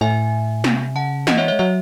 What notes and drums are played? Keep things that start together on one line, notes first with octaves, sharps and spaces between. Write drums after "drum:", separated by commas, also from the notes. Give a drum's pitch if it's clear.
A2 E5 G#5
C3, drum: snare
C#3 F#5 A5
E3 D#5 F#5, drum: snare
C#5 E5
C#5 E5
G#3
F#3 C#5 E5